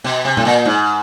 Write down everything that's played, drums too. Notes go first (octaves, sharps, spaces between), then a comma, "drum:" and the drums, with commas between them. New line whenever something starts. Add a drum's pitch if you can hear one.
B2
C3
A2, drum: tom A#2
A#2
G#2